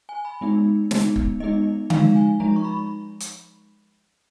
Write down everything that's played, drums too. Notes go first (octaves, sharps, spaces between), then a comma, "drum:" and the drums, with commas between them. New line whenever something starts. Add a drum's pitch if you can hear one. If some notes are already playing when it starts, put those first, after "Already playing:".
G#5
B5
G#3 B3 D#4
G#3 B3 D#4, drum: snare
drum: kick
G#3 B3 D#4 D#5
F3 G#3 D#4 F5, drum: tom D3
G#5
F3 G#3 D#4 A#5
C#6
B5
drum: hi-hat